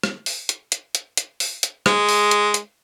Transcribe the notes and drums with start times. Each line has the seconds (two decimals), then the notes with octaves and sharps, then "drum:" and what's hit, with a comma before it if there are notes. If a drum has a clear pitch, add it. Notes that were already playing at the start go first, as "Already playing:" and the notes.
0.03 drum: rim click
0.26 drum: open hi-hat
0.49 drum: hi-hat
0.72 drum: hi-hat
0.95 drum: hi-hat
1.17 drum: hi-hat
1.40 drum: open hi-hat
1.63 drum: hi-hat
1.86 G#3, drum: rim click
2.09 drum: open hi-hat
2.31 drum: hi-hat
2.54 drum: hi-hat